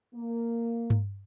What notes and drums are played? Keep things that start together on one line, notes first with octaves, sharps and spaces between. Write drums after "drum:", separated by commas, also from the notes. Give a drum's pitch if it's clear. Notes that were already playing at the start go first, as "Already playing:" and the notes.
A#3
drum: tom G2